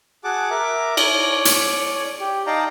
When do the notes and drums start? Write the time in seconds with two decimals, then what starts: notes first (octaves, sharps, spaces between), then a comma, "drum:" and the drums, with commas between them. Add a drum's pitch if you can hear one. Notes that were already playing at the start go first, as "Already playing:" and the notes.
0.24 F#4 G#4 F#5 A5 D6
0.50 A#4 E5 D6
0.97 C#5 D5, drum: cymbal
1.45 drum: hi-hat
2.20 G4
2.47 D#4 D5 F5 G5 A5 A#5